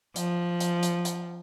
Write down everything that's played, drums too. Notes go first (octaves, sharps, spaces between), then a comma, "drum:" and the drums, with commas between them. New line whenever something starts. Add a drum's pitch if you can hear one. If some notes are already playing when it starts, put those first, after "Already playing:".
F3, drum: hi-hat
drum: hi-hat
drum: hi-hat
drum: hi-hat